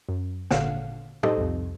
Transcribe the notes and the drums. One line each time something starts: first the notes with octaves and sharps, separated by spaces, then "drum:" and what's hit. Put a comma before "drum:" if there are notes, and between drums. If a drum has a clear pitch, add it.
F#2
G#1 A#2 D3 F5 F#5, drum: snare
D#4 G4 A4 C5 D#5, drum: tom
C2 F2